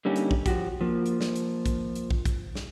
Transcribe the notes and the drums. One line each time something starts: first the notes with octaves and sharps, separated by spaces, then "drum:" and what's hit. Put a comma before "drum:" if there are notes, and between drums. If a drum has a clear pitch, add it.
D3 G3 A#3 C#4 D#4 G4
drum: hi-hat
drum: kick
F3 F#4 G4, drum: kick, hi-hat
F3 A#3
drum: hi-hat
drum: snare
drum: hi-hat
drum: kick, hi-hat
drum: hi-hat
drum: kick
drum: kick, hi-hat
drum: snare